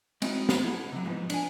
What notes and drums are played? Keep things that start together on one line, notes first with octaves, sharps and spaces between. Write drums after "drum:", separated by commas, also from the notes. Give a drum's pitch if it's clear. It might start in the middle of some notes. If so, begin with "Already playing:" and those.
G#3 C4 C#4 D#4 E4 F#4, drum: cymbal
drum: snare
E4 A4 F#5 B5
C3 F#3
G#2 F3 G3 B3 D#4
D4 G#5, drum: cymbal